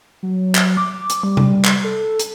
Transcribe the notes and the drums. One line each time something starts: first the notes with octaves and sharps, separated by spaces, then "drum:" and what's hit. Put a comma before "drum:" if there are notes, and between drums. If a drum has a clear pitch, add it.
F#3
drum: clap
D6
drum: hi-hat
G3
drum: tom C3
drum: clap
A4
drum: hi-hat